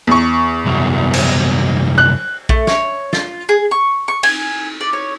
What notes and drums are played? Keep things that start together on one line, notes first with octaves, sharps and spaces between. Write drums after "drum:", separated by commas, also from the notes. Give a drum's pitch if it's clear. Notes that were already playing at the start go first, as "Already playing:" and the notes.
E2 C#6
C2 F#2
drum: cymbal
F#6
A3, drum: kick A#1
C#5, drum: snare
F4, drum: snare
G#4
C#6
C#6
G#5, drum: cymbal
D5
C#5